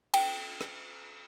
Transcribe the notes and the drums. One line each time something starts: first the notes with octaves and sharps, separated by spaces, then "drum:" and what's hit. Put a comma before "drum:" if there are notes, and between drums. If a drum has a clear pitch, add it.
G5, drum: cymbal
drum: rim click